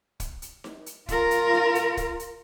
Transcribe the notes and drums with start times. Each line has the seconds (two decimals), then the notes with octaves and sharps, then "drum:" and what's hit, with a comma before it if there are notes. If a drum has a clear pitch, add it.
0.20 drum: kick, hi-hat
0.42 drum: hi-hat
0.64 drum: snare D#4
0.86 drum: hi-hat
1.09 F4 A#4, drum: kick, hi-hat
1.31 drum: hi-hat
1.53 drum: snare D#4
1.75 drum: hi-hat
1.97 drum: kick, hi-hat
2.19 drum: hi-hat